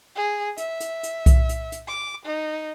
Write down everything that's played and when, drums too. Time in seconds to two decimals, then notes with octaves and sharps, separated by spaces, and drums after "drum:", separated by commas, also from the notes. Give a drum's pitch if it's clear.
0.16 G#4
0.57 E5, drum: hi-hat
0.80 drum: hi-hat
1.03 drum: hi-hat
1.26 drum: kick B1, hi-hat
1.49 drum: hi-hat
1.72 drum: hi-hat
1.88 D6
2.25 D#4